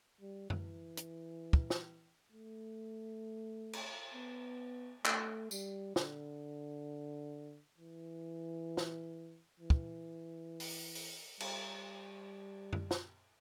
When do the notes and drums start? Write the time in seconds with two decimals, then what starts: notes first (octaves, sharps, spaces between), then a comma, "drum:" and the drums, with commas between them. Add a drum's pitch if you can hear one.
0.21 G3
0.50 E3, drum: tom F#2
0.97 drum: hi-hat
1.53 drum: kick
1.70 drum: snare
2.32 A3
3.73 drum: cymbal
4.14 B3
5.05 A3, drum: clap
5.51 G3, drum: tambourine
5.96 D3, drum: snare
7.78 E3
8.77 drum: snare
9.60 E3
9.70 drum: kick
10.60 drum: open hi-hat
10.95 drum: open hi-hat
11.40 G3, drum: cymbal
12.73 drum: tom F#2
12.91 drum: snare